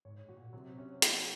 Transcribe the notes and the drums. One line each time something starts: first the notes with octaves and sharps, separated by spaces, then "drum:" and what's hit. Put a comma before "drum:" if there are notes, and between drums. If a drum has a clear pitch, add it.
G#2 C#5
A#2 F#4
C3 F#3
C#4
F#3, drum: hi-hat